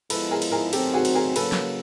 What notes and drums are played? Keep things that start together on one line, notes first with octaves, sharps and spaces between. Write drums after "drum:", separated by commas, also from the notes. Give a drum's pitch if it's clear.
F3 G#3 B3 E4 A4 B4, drum: cymbal
G#4 A#4
drum: cymbal
G#4 A#4
D#3 F#3 A3 C4 G4 A4, drum: cymbal
F#4 G#4
drum: cymbal
G#4 A#4
C#3 F#3 A#3 A4 B4, drum: cymbal
drum: snare